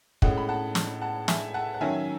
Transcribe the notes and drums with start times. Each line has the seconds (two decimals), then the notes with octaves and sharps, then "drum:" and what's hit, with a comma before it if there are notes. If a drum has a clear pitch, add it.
0.22 A2 G#3 C#4 D#5 F#5, drum: kick
0.37 B5
0.49 F#5 A5
0.75 drum: snare
1.01 F#5 A5
1.28 E5 G#5, drum: snare
1.54 F#5 A5
1.74 F#5
1.81 D#3 F#3 C#4 E5 G#5